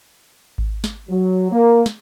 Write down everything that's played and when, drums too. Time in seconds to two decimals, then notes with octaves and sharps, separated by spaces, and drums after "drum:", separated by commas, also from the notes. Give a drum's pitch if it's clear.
0.58 drum: kick G#1
0.84 drum: snare
1.09 F#3
1.52 A#3
1.86 drum: snare